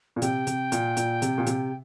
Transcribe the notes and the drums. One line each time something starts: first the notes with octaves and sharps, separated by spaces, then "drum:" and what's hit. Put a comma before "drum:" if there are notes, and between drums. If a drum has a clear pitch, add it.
A#2
C3 G5, drum: hi-hat
C3, drum: hi-hat
A#2, drum: hi-hat
A#2, drum: hi-hat
C3, drum: hi-hat
A#2
C3, drum: hi-hat